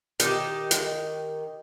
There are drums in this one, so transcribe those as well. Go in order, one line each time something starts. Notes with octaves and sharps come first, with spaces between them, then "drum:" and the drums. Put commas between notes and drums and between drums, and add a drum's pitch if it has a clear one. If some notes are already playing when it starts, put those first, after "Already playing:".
D#3 G4, drum: hi-hat
drum: hi-hat